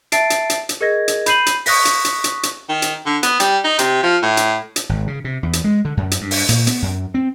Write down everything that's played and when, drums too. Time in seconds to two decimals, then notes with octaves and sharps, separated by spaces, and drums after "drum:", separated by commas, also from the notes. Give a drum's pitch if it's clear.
0.12 E5 A5 A6 C7 D7, drum: hi-hat
0.30 drum: hi-hat
0.50 drum: hi-hat
0.69 drum: hi-hat
0.81 G#4 A#4 D#5 G#6 A#6
1.08 drum: hi-hat
1.26 B5 G6 C7 D#7 F#7, drum: hi-hat
1.46 drum: hi-hat
1.66 C#6 D#6 F#6 A#6 B6, drum: open hi-hat
1.85 drum: hi-hat
2.05 drum: hi-hat
2.24 drum: hi-hat
2.43 drum: hi-hat
2.69 D#3
2.82 drum: hi-hat
3.06 D3
3.23 B3, drum: hi-hat
3.40 G3, drum: hi-hat
3.64 D#4
3.79 C3, drum: hi-hat
4.03 F3
4.23 A2
4.37 drum: hi-hat
4.76 drum: hi-hat
4.89 G#1
5.07 C#3
5.24 C3
5.43 E2
5.53 drum: hi-hat
5.64 G#3
5.85 D3
5.97 F#2
6.11 drum: hi-hat
6.21 G2
6.31 drum: open hi-hat
6.49 A#2, drum: hi-hat
6.67 B3, drum: hi-hat
6.82 F#2
7.14 C4